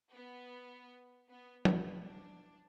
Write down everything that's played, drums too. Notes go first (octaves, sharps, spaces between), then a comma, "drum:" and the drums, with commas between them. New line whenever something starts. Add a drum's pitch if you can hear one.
B3
B3
B3, drum: tom F3
D4